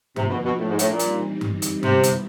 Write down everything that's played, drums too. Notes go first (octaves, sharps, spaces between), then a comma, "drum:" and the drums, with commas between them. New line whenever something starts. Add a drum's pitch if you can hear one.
C3 F3 A#3 D4, drum: tom G2
B2
B2
A2
G#2
A2, drum: hi-hat
A#2
E3 G3 C4 D#4, drum: hi-hat
drum: tom G2
drum: hi-hat
C3 D#3 G3 B3 E4, drum: tom G2
drum: hi-hat